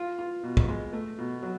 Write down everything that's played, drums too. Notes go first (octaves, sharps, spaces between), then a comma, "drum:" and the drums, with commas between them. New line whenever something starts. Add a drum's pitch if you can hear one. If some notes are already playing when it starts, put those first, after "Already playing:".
Already playing: F4
F4
B2
drum: kick
G#3
A3
B2
F#3